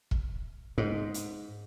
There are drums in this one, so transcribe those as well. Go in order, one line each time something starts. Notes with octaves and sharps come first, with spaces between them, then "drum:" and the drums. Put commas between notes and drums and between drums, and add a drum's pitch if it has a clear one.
drum: kick
G#2
drum: hi-hat